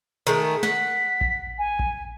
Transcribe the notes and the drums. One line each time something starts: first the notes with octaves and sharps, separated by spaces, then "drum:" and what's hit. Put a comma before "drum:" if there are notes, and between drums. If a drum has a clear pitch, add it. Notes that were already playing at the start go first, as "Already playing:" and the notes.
D#3 G#3 A3
F#5 B6, drum: snare
drum: kick A#1
G#5
drum: kick A#1